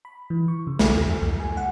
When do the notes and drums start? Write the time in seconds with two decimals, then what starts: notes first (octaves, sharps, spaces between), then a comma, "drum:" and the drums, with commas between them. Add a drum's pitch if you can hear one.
0.05 B5
0.30 E3
0.48 C#6
0.67 C#3
0.79 B1, drum: snare
0.95 D#2
1.08 F2
1.22 C#2
1.40 G#5
1.57 F#5